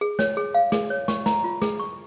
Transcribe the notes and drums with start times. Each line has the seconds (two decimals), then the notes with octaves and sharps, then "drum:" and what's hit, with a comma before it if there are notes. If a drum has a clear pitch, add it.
0.01 G#4
0.19 C#5, drum: snare
0.37 G#4
0.54 F5
0.72 G#4, drum: snare
0.90 C#5
1.08 C#6, drum: snare
1.26 A#5, drum: snare
1.44 F4
1.62 G#4, drum: snare
1.80 C#6